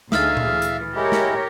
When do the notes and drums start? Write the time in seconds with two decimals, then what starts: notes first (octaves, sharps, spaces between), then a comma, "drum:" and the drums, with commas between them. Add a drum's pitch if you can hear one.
0.12 D2 D#4 G#4 E5 F5 D#6 F6 A6, drum: snare
0.37 drum: tom A#2
0.48 E3
0.62 drum: hi-hat
0.96 G#3 E4 G4 A#4 C#5
1.12 drum: snare